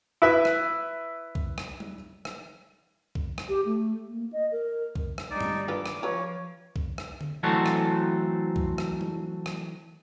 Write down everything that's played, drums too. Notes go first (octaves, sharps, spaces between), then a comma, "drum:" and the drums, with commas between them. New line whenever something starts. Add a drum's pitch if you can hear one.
E4 B4 E5
drum: rim click
drum: kick C2
drum: rim click
drum: tom G3
drum: rim click
drum: kick C2
drum: rim click
G4
A3
A#3
D#5
A#4
drum: kick C2
drum: rim click
G3 D4 D#4 D5
drum: tom G2
D3 D#3 F4 B4 D6
drum: rim click
F3 F4 B4 C#5
drum: kick C2
drum: rim click
drum: tom D3
E3 F#3 A3 C4 F#4 A4
drum: rim click
drum: kick C2
drum: rim click
drum: tom G3
drum: rim click